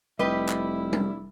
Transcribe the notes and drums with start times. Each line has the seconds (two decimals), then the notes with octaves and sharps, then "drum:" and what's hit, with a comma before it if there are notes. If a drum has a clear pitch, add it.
0.19 F1 G3 E4 G4 B4 D#5
0.49 drum: clap
0.93 drum: tom G3